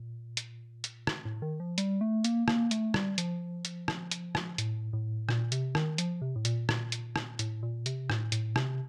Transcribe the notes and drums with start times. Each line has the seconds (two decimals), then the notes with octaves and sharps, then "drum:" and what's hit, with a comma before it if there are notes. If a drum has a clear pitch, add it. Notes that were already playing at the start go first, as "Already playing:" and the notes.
Already playing: A#2
0.37 drum: hi-hat
0.84 drum: hi-hat
1.07 drum: rim click
1.25 A2
1.42 D#3
1.60 F3
1.78 G3, drum: hi-hat
2.01 A3
2.24 A#3, drum: hi-hat
2.48 A#3, drum: rim click
2.71 A3, drum: hi-hat
2.94 G3, drum: rim click
3.18 F3, drum: hi-hat
3.65 drum: hi-hat
3.88 drum: rim click
4.11 drum: hi-hat
4.35 drum: rim click
4.58 A2, drum: hi-hat
4.93 A2
5.29 A#2, drum: rim click
5.52 C3, drum: hi-hat
5.75 D#3, drum: rim click
5.98 F3, drum: hi-hat
6.22 C3
6.36 A2
6.45 A#2, drum: hi-hat
6.69 A#2, drum: rim click
6.92 drum: hi-hat
7.16 drum: rim click
7.39 A2, drum: hi-hat
7.63 A#2
7.86 C3, drum: hi-hat
8.10 A2, drum: rim click
8.32 A2, drum: hi-hat
8.56 C3, drum: rim click